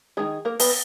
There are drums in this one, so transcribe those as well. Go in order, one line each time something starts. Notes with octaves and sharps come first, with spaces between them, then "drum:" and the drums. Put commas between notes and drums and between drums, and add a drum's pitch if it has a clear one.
D#3 G#3 G#4
A#3 A#4
B3 B4, drum: open hi-hat